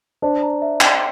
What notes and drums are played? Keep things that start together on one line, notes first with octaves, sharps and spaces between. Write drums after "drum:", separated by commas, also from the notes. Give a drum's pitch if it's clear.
D4 C5
A#5
E5
G5, drum: clap